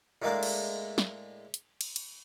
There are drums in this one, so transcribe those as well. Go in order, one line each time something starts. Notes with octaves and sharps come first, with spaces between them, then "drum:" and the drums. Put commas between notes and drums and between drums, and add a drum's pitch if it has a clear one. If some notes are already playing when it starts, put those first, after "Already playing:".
A2 G#3 A#3 D4
drum: cymbal
drum: snare
drum: hi-hat
drum: cymbal
drum: cymbal